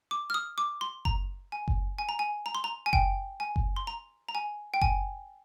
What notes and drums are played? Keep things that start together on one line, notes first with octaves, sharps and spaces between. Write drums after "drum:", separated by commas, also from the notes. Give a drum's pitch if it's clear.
D6
F6
D#6
D6
C6
A#5, drum: kick F#1
G#5
drum: kick F#1
G#5
A#5
G#5
A#5
C6
A#5
G#5
G5, drum: kick F#1
G#5
drum: kick F#1
C6
A#5
A#5
G#5
G5
G#5, drum: kick F#1